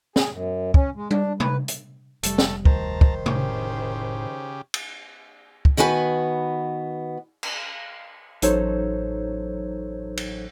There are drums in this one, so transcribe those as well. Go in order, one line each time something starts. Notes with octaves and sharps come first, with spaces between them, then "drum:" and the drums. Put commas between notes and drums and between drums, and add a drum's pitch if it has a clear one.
G#4, drum: snare
F#2
C#4, drum: kick
G#3
D4, drum: tom G3
B4, drum: tom
drum: hi-hat
F1 G3 A3 A4, drum: hi-hat
drum: snare
D2 D#3 C5 A5 A#5, drum: kick
drum: kick
A2 C#3 G4, drum: tom
drum: cymbal
drum: kick
D#3 B3 F#4 B4 G#5
drum: cymbal
A1 F#3 D#4 A4 C5 C#5, drum: hi-hat
drum: cymbal